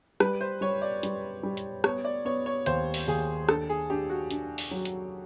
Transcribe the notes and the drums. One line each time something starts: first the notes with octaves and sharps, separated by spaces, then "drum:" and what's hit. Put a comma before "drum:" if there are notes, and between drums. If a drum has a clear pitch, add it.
G3 B4, drum: rim click
C5
G3 C#5
D5
G3, drum: hi-hat
G3
drum: hi-hat
B3 C#5, drum: rim click
D5
B3 C#5
C#5
D#2 C5, drum: hi-hat
drum: open hi-hat
D#2 G#4
D4 A4, drum: rim click
G#4
D4 G4
F#4
D4, drum: hi-hat
drum: open hi-hat
F#3
drum: hi-hat